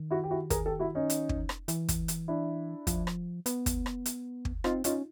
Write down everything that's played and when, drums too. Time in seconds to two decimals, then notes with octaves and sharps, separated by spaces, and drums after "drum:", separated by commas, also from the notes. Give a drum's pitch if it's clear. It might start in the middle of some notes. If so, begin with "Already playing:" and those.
Already playing: D#3
0.11 E4 F#4
0.24 G4
0.31 E4 F#4
0.50 G#4 A#4, drum: kick, hi-hat
0.66 G4 A4
0.79 E4 F#4
0.95 C#4 D#4
1.10 drum: hi-hat
1.29 drum: kick
1.49 drum: rim click
1.68 E3, drum: hi-hat
1.88 drum: kick, hi-hat
2.08 drum: hi-hat
2.28 D4 E4
2.87 F3, drum: kick, hi-hat
3.07 drum: rim click
3.46 B3, drum: hi-hat
3.66 drum: kick, hi-hat
3.86 drum: rim click
4.06 drum: hi-hat
4.45 drum: kick
4.64 C4 D#4 F4, drum: rim click
4.84 C#4 D#4 F4, drum: hi-hat